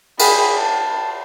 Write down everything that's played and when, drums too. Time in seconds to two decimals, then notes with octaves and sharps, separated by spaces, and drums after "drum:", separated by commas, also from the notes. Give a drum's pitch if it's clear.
0.19 G#4 B5, drum: cymbal
0.56 A5